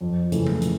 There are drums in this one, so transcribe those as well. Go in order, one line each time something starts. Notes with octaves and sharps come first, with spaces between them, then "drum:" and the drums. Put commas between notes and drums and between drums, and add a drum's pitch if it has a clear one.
F2
C#3 E3 A3, drum: hi-hat
drum: tom F3
drum: hi-hat